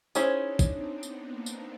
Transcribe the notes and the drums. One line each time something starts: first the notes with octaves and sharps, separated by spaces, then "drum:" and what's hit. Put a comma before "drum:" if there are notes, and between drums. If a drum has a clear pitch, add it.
C#4 D#4 E4 G#4 C5, drum: tambourine
D4
drum: kick, tambourine
C4
B3, drum: tambourine
A#3
drum: tambourine